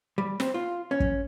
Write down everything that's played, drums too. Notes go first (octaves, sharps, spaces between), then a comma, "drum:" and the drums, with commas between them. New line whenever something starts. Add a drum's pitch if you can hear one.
G3
C4, drum: snare
F4
C#4
drum: kick